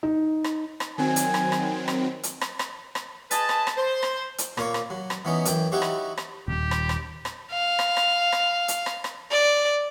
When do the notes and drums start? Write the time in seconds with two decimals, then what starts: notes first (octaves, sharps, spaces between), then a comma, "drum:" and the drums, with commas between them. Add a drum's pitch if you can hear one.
0.03 D#4
0.44 drum: rim click
0.80 drum: rim click
0.98 D#3 F#3 C4 G#5
1.16 drum: hi-hat
1.34 drum: rim click
1.52 drum: rim click
1.88 drum: rim click
2.23 drum: hi-hat
2.41 drum: rim click
2.59 drum: rim click
2.95 drum: rim click
3.31 G#4 B4 D#5 A5, drum: hi-hat
3.49 drum: rim click
3.67 drum: rim click
3.77 C5
4.03 drum: rim click
4.38 drum: hi-hat
4.57 A#2 A#3 C#5, drum: rim click
4.74 drum: rim click
4.90 F#3
5.10 drum: rim click
5.25 E3 B3 C#4 D#4
5.45 F#2 E3 G5, drum: hi-hat
5.72 D#4 E4 F#4 G4 C#5
5.82 drum: rim click
6.17 drum: rim click
6.48 D#1 G4
6.71 drum: rim click
6.89 drum: rim click
7.25 drum: rim click
7.52 F5
7.79 drum: rim click
7.97 drum: rim click
8.32 drum: rim click
8.68 drum: hi-hat
8.86 drum: rim click
9.04 drum: rim click
9.32 D5